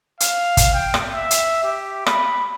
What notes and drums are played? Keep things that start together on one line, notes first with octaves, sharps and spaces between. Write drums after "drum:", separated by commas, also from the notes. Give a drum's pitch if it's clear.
F5, drum: hi-hat
drum: kick, hi-hat
G5
drum: rim click
E5
drum: hi-hat
G4
B5, drum: rim click